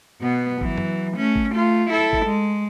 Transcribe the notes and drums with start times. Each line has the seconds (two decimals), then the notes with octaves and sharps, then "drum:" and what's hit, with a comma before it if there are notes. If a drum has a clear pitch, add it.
0.21 B2 B3
0.61 E3 F#3, drum: kick G#1
0.78 drum: tom
1.16 A3 C#4
1.36 drum: kick G#1
1.51 A3 F4
1.90 E4 A4
2.13 drum: kick G#1
2.26 G#3